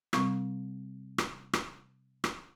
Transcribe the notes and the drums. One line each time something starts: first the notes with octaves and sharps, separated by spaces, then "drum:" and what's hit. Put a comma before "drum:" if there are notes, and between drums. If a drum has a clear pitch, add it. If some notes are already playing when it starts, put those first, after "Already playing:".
C3 G3 C4 C#6, drum: rim click
drum: rim click
drum: rim click
drum: rim click